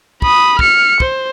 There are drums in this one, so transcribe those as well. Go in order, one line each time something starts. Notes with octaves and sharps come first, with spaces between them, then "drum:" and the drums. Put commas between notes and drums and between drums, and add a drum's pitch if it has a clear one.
B5 D#6, drum: kick
F6 C#7, drum: kick
C5, drum: kick